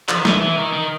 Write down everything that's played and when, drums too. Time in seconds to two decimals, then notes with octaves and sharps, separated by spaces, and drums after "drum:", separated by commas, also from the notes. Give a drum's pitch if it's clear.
0.09 F3, drum: clap
0.17 D#3
0.25 E3, drum: snare
0.41 E3
0.57 D#3
0.73 D#3